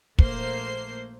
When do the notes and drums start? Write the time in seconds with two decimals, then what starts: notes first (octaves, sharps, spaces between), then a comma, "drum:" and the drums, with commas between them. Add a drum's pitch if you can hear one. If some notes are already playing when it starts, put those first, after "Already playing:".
0.19 A#1 A3 A#3 C5 C7, drum: kick